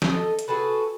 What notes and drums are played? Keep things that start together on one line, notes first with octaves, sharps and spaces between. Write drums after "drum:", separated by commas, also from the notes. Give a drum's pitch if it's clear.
A4 D#5, drum: snare
drum: hi-hat
F#4 G#4 A4 B4